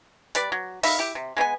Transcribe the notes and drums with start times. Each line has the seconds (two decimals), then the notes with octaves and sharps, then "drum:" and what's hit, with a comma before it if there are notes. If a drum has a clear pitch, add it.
0.35 G3 B4 D5, drum: hi-hat
0.52 F#3
0.83 D#4 E5 F5 B5, drum: open hi-hat
0.99 E4 G4
1.15 C3
1.37 G#3 B3 G#4 G#5